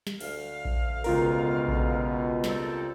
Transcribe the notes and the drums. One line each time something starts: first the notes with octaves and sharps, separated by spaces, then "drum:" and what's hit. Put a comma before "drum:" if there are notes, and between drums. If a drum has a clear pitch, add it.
drum: snare
D2 F5, drum: cymbal
drum: kick A#1
C#2 B2 F4 A#4, drum: open hi-hat
drum: kick A#1
G3 C4 A4, drum: snare